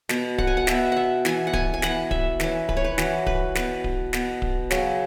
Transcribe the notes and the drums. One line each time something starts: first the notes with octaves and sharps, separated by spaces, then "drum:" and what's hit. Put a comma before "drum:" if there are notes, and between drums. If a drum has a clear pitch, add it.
B2 B3, drum: snare
F#5, drum: kick D1
G#5
F#5
B2 B3 E5, drum: snare
E5 F#5
E3 B3 G#5, drum: snare
F#5
G#5, drum: kick D1
G#5
E3 B3 F#5, drum: snare
E5, drum: kick D1
E3 C#4 B4, drum: snare
B4, drum: kick D1
C#5
B4
E3 C#4 F#4, drum: snare
B4, drum: kick D1
B2 B3 B4, drum: snare
drum: kick D1
B2 B3, drum: snare
drum: kick D1
C#3 F#3 C#4, drum: snare